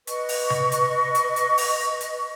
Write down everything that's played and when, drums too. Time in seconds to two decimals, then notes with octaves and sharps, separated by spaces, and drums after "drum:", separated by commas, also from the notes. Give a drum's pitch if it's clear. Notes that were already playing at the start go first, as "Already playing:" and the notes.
0.07 B4 D#5 C#6, drum: hi-hat
0.29 drum: open hi-hat
0.50 drum: tom C3
0.72 drum: hi-hat
1.15 drum: hi-hat
1.36 drum: hi-hat
1.58 drum: open hi-hat
2.01 drum: hi-hat